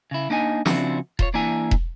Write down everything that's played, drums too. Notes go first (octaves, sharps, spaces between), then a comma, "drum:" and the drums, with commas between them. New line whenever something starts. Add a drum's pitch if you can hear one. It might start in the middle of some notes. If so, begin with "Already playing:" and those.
C#3 E4
A#3 D4 D#4 D#5 G#5
C#3 F3 C4 D4 E4 F#4, drum: snare
F4 C5 C#5, drum: kick E1
E3 A#3 D4 E4 G#5
drum: kick E1